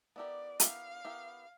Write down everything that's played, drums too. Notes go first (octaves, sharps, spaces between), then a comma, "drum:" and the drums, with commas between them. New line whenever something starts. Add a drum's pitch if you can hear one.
B3 E4 G4 A#4 D5
B3 E4 G4 A#4 F5, drum: hi-hat
B3 E4 G4 A#4